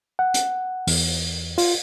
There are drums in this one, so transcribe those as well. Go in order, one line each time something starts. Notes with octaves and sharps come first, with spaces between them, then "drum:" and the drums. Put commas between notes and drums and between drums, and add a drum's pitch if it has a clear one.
F#5
drum: hi-hat
E2, drum: open hi-hat
F4, drum: open hi-hat